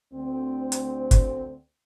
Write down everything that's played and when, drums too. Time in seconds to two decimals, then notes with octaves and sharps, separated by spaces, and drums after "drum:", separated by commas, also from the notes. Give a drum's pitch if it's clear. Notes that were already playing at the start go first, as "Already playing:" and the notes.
0.13 D2 C4
0.72 drum: hi-hat
1.11 drum: kick, hi-hat